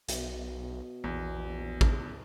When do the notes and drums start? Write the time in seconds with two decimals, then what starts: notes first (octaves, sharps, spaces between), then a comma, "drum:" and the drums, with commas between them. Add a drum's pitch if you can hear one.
0.09 B1 B2, drum: hi-hat
1.04 A#1 E2
1.81 drum: kick A1